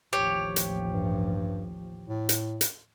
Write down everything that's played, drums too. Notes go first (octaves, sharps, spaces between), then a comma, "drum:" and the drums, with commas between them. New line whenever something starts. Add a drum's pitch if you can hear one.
A1 D#2 F3 G4 C#5
drum: hi-hat
G2
A2
drum: hi-hat
drum: hi-hat